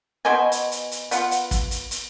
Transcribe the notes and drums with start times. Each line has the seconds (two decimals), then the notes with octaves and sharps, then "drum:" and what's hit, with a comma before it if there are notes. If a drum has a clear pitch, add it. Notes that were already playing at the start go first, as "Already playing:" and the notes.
0.25 B2 C5 D#5 G#5
0.52 drum: hi-hat
0.72 drum: hi-hat
0.91 drum: hi-hat
1.11 B3 F4 F#5, drum: hi-hat
1.31 drum: hi-hat
1.51 drum: kick, hi-hat
1.71 drum: hi-hat
1.91 drum: hi-hat